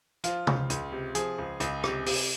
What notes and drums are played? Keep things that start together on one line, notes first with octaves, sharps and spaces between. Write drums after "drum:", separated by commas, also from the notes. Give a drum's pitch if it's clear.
F3 F4, drum: hi-hat
C#2, drum: tom
C#2, drum: hi-hat
C3
F3 G#4, drum: hi-hat
C#2
C#2, drum: hi-hat
C3, drum: rim click
C3, drum: open hi-hat